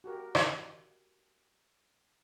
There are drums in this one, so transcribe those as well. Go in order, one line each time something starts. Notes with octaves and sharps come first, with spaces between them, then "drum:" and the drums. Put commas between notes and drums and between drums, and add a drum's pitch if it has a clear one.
F#4 G4 A#4
drum: rim click